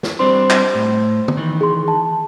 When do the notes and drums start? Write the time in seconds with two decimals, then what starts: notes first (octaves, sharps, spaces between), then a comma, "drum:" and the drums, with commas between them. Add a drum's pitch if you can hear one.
0.03 drum: snare
0.19 G3 C4 D4 C5 C6
0.50 drum: clap
0.75 A2
1.28 drum: tom
1.37 D#3 E3
1.61 G#4 C6
1.88 A5